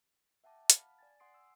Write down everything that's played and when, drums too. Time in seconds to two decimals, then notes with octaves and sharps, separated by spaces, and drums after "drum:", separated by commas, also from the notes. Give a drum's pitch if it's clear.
0.44 E5 F#5 G5 A5 D6
0.70 F5 F#5 A5 B5 F6, drum: hi-hat
0.99 D5 G#5 A6
1.20 F#5 G#5 C6 D#6 C7 D7
1.34 E6